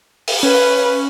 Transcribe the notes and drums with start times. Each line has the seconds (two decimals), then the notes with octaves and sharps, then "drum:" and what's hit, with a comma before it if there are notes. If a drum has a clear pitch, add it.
0.28 drum: open hi-hat
0.43 C#4 B4